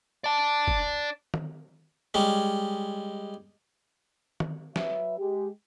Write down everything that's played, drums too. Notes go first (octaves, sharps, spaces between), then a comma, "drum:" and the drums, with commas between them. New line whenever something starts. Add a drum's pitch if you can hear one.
D5 A5
drum: kick
drum: tom
G3 G#3 C#4
drum: tom
F#3 B4 E5, drum: snare
G#3 G4